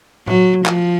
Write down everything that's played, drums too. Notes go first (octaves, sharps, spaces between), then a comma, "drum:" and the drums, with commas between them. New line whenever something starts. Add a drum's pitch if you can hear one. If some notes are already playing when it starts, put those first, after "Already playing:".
F#3, drum: tom A2
F3, drum: clap